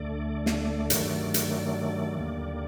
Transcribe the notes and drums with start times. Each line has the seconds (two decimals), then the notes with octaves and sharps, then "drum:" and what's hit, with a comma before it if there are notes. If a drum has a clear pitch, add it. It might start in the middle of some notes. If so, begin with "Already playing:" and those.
Already playing: D2 D3 A3 D5
0.46 drum: snare
0.90 G2 D#3 F#3 A3 D5, drum: hi-hat
1.34 drum: hi-hat
2.17 D#2 D3 G3 A#3